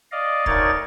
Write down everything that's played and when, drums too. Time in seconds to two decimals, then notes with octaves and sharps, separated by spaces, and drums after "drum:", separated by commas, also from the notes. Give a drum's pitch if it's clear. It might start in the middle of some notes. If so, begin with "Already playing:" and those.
0.12 D5 D#5 F5
0.46 D2 D#4 A#4 C#5 D5 A6, drum: kick